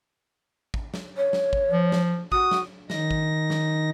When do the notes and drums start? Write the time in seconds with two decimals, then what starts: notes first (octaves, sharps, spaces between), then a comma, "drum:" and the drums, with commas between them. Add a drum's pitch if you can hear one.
0.74 drum: kick
0.94 drum: snare
1.17 C#5
1.33 drum: snare
1.53 drum: kick
1.72 F3
1.92 drum: snare
2.32 F#4 D#6, drum: kick
2.51 drum: snare
2.90 D#3 D#4 A#6, drum: snare
3.11 drum: kick
3.50 drum: snare